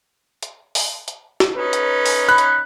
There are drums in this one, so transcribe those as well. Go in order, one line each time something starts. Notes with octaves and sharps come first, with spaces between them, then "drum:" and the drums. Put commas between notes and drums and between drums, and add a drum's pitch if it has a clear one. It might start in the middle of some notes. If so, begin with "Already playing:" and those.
drum: hi-hat
drum: open hi-hat
drum: hi-hat
drum: snare
C#4 D#4 B4
drum: hi-hat
drum: open hi-hat
B5 F#6
drum: hi-hat